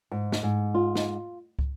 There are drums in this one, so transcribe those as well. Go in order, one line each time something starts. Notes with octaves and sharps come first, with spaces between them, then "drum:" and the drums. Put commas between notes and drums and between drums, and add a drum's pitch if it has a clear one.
G#2
drum: snare
G#2
F4
drum: snare
drum: kick